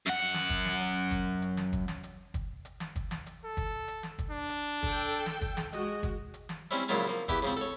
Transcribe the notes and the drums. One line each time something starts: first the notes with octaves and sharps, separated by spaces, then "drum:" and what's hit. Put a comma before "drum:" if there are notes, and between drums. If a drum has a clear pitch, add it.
F#2 F#5
drum: hi-hat
drum: snare
drum: kick, hi-hat
drum: snare
drum: hi-hat
drum: kick, hi-hat
drum: hi-hat
drum: snare
drum: kick, hi-hat
drum: snare
drum: hi-hat
drum: kick, hi-hat
drum: hi-hat
drum: snare
drum: kick, hi-hat
drum: snare
drum: hi-hat
A4
drum: kick, hi-hat
drum: hi-hat
drum: snare
drum: kick, hi-hat
D4
drum: hi-hat
A4 G5, drum: kick, hi-hat
drum: hi-hat
drum: snare
drum: kick, hi-hat
drum: snare
G#3 F#4 D#5, drum: hi-hat
drum: kick, hi-hat
drum: hi-hat
drum: snare
G3 C4 C#4 E4
A#2 C#3 F3 F#3 E4 F4
F3 A#3
E2 E4 G4 B4, drum: kick, hi-hat
C#3 F3 C4
A4 C#5, drum: hi-hat